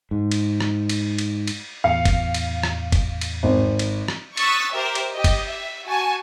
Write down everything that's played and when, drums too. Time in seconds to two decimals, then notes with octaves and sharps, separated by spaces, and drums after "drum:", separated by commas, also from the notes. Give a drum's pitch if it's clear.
0.11 G#2
0.32 drum: cymbal
0.61 drum: rim click
0.90 drum: cymbal
1.18 drum: cymbal
1.47 drum: cymbal
1.84 E2 A2 F5 C#7
2.05 drum: kick F#1, cymbal
2.34 drum: cymbal
2.63 drum: rim click
2.92 drum: kick F#1, cymbal
3.21 drum: cymbal
3.43 G#1
3.79 drum: cymbal
4.08 drum: rim click
4.37 C#6 D#6 E6 F#6 A6 B6, drum: cymbal
4.73 G4 A#4 C5 E5
4.95 drum: cymbal
5.14 G4 D#5
5.24 drum: kick F#1, cymbal
5.49 E5
5.85 F#4 G#5 A5